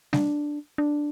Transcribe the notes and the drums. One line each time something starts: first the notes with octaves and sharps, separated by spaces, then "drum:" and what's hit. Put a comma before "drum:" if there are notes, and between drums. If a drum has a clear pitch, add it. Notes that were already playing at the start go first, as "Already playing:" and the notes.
D4, drum: snare
D4